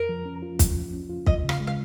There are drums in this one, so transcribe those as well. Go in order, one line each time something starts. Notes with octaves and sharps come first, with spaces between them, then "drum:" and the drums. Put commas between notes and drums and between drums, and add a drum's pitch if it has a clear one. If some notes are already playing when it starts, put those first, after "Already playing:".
Already playing: F2 A#4
F3
C#4
F4
F2, drum: kick, hi-hat
F3
C#4
F4
D#2 D#5, drum: kick
C#3
F5, drum: rim click
G#3
F5